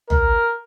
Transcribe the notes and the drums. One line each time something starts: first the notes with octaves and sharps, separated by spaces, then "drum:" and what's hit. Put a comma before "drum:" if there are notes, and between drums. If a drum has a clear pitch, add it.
A#4, drum: tom